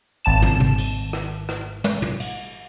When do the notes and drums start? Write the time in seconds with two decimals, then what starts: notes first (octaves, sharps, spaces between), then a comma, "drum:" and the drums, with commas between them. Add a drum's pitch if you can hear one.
0.25 G#1 A5 E7
0.42 drum: tom
0.60 drum: tom
0.78 drum: cymbal
1.13 drum: rim click
1.49 drum: rim click
1.84 drum: tom
2.02 drum: tom
2.20 drum: cymbal